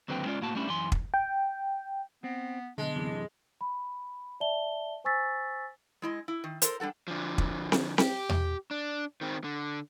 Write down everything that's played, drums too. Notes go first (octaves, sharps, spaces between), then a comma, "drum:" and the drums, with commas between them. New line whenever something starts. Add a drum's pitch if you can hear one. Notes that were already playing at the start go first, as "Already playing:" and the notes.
D#2 D3 F#3 C4 B4 G5
G#3 C#4 F4 D5
A2 A#3 F#4 A5
G3 A3 C#4 D4 E4
F#2 E3 G#5 C6
drum: kick
G5
B3 C4
B1 D3 G#3 B3 D4
F#2 C3 E3
B5
D5 E5 A5 G7
C5 G#5 C#6 E6 A6 B6
G#3 E4 D#5
E4
D#3
A4 A#4 C5, drum: hi-hat
G3 D4 A4 F#5
D3 F3
drum: kick
drum: snare C4
G4, drum: snare C4
drum: tom E2
D4
D#3 C4
D3